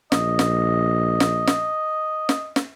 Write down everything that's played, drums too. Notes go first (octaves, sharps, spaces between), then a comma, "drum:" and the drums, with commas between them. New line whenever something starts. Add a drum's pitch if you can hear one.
A#1 D#5, drum: snare
drum: snare
drum: snare
drum: snare
drum: snare
drum: snare